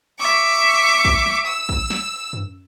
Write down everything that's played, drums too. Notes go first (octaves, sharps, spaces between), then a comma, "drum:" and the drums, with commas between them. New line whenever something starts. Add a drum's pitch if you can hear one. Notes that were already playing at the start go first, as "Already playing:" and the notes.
E5 C#6 D6
drum: kick
drum: snare
E6
drum: kick
drum: snare
drum: tom F#2